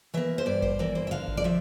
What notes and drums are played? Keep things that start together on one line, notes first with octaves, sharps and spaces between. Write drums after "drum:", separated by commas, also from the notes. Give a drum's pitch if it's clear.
E3 A#3 E5
C5
G2 D5
C5, drum: kick G#1
E3 A#3 D5
C5
E5
D3 F5
drum: kick G#1
D5
F3 E5